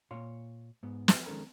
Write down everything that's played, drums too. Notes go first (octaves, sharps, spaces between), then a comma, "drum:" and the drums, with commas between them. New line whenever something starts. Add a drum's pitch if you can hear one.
A#2 C#5 F5 C6
G#2 B3
drum: snare
D#3 G#3 C#4 A4 A#4